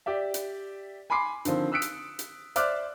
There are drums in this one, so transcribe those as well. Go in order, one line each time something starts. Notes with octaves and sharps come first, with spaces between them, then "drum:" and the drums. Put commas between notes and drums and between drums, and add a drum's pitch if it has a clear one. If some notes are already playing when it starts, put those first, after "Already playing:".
G4 D5 E5
drum: hi-hat
G#5 B5 C6 D6 C7
D3 D#3 F3 C4, drum: hi-hat
D#6 E6 F#6 B6 C#7 D7
drum: hi-hat
drum: hi-hat
C5 D5 E5 D6 F6 F#6, drum: hi-hat